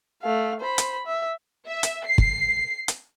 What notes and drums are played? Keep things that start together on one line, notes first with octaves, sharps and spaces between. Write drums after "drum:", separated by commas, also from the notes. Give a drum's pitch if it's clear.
A3 F5
C5 B5
drum: hi-hat
E5
E5
drum: hi-hat
C7
drum: kick
drum: hi-hat